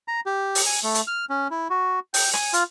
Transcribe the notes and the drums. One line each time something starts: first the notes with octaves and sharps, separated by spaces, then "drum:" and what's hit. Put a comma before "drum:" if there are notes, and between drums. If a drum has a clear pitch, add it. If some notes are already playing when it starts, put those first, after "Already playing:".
A#5
G4
drum: open hi-hat
G#5
A3
drum: hi-hat
F6
C#4
E4
F#4
G5, drum: open hi-hat
G#5, drum: rim click
F4, drum: hi-hat